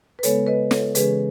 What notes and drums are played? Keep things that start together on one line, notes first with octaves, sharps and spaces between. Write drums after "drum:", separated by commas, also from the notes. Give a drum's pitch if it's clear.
B4
C#3 G#3 B3 A4 C#5, drum: hi-hat
B4 D#5
A4 C#5, drum: snare
C#3 E3 G#3 C#4 G#4 B4, drum: hi-hat